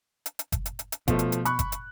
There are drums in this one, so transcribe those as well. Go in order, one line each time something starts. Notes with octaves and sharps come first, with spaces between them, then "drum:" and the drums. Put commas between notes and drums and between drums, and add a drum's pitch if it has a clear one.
drum: hi-hat
drum: hi-hat
drum: kick F#1, hi-hat
drum: hi-hat
drum: hi-hat
drum: hi-hat
B2 F3 A3, drum: kick F#1, hi-hat
drum: hi-hat
drum: hi-hat
B5 C#6 F#6, drum: hi-hat
drum: kick F#1, hi-hat
drum: hi-hat